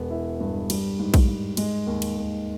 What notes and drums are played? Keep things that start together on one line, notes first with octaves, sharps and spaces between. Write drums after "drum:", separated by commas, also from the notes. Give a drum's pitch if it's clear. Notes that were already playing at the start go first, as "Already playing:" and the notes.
Already playing: E1 B3
E4
G2
G3, drum: cymbal
G#2
drum: kick A#1, cymbal
G#2
G#3, drum: cymbal
D#2
drum: cymbal
D#2